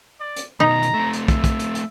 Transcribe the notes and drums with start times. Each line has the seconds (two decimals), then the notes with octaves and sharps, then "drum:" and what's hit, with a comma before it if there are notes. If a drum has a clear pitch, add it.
0.20 D5
0.36 drum: hi-hat
0.60 B2 D#3 D#4 A#5
0.82 drum: hi-hat
0.94 A3 C4
1.13 drum: hi-hat
1.28 E5, drum: kick, hi-hat
1.44 drum: kick, hi-hat
1.59 drum: hi-hat
1.75 drum: hi-hat